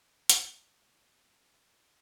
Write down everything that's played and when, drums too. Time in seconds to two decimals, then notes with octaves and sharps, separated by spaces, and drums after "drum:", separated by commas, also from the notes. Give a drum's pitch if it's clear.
0.29 drum: hi-hat
0.81 E2